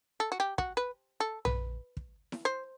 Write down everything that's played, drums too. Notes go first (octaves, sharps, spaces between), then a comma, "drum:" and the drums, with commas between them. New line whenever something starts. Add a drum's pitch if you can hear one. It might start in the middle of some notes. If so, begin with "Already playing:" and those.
A4
F#4
G4
F#4, drum: kick
B4
A4
B4, drum: tom A#1
drum: kick
drum: snare E4
C5